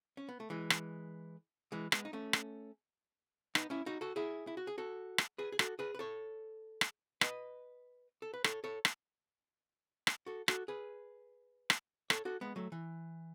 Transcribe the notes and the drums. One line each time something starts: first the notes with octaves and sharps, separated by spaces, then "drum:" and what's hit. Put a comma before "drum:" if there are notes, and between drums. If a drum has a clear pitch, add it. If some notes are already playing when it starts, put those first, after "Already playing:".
C#4
B3
A3
E3 G#3
drum: rim click
E3 G#3
G#3 B3, drum: rim click
D#4
A3 C#4
drum: rim click
B3 D#4, drum: rim click
C#4 E4
D#4 F#4
F#4 A4
E4 G#4
E4
F#4
G#4
F#4 A4
drum: rim click
G#4 B4
G#4
F#4 A4, drum: rim click
G#4 B4
B4
A4 C#5
drum: rim click
B4 D#5, drum: rim click
A4
B4
A4 C#5, drum: rim click
A4 C#5
drum: rim click
drum: rim click
F#4 A4
F#4 A4, drum: rim click
G#4 B4
drum: rim click
A4 C#5, drum: rim click
F#4 A4
G#3 B3
F#3 A3
E3